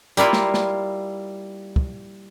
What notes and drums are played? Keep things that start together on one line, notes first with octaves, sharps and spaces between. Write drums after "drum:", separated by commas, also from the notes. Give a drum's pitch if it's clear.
G3 A#3 E4 F4, drum: hi-hat
drum: snare
drum: snare
drum: kick